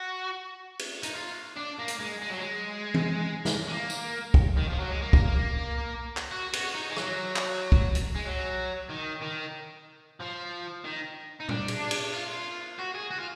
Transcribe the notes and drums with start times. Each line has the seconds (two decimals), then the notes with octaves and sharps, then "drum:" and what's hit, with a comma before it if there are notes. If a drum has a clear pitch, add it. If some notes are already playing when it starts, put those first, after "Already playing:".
Already playing: F#4
0.79 drum: cymbal
1.03 D#4, drum: hi-hat
1.14 F4
1.56 D4
1.79 A#3
1.88 drum: hi-hat
2.00 G#3
2.22 G#3
2.31 F#3
2.40 G#3
2.94 drum: tom E3
3.45 drum: snare
3.68 G#3
3.73 A#3
3.90 drum: tambourine
4.34 drum: kick
4.57 D#3
4.68 F3
4.79 F#3
4.90 G#3
5.02 A#3
5.13 drum: kick
6.17 drum: clap
6.31 F#4
6.53 F#4, drum: cymbal
6.75 D#4
6.90 G#3
6.96 F#3, drum: rim click
7.36 drum: clap
7.72 drum: kick
7.95 drum: hi-hat
8.16 G#3
8.26 F#3
8.90 D#3
9.22 D#3
10.20 F3
10.84 D#3
11.40 D#4
11.49 D4, drum: tom A#2
11.68 drum: cymbal
11.91 drum: cymbal
12.14 F4
12.79 F#4
12.95 G#4
13.11 F#4
13.19 F4